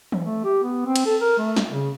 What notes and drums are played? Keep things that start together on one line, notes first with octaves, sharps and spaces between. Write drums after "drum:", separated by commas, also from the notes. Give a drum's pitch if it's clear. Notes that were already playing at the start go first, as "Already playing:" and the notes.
drum: tom E3
A3
G4
B3
C4
drum: cymbal
A4
A#4
A3
drum: snare
C#3